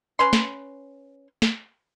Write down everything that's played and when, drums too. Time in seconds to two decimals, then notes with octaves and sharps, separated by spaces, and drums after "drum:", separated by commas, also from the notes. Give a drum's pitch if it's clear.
0.19 C#4 B4 C6
0.33 drum: snare
1.42 drum: snare